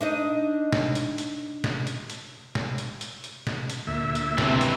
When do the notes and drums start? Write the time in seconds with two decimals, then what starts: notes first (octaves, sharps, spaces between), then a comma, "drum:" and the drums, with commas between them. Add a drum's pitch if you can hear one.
0.01 D4 D#4 D#5
0.73 drum: snare
0.95 drum: hi-hat
1.18 drum: hi-hat
1.64 drum: snare
1.87 drum: hi-hat
2.10 drum: hi-hat
2.55 drum: snare
2.78 drum: hi-hat
3.01 drum: hi-hat
3.24 drum: hi-hat
3.47 drum: snare
3.70 drum: hi-hat
3.87 D2 A#2 E5
4.15 drum: hi-hat
4.38 C3 E3, drum: snare
4.61 drum: hi-hat